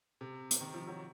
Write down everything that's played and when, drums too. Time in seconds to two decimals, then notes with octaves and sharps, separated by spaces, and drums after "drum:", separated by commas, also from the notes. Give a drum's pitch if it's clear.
0.21 C3
0.51 drum: hi-hat
0.61 D#3
0.74 F3
0.87 F#3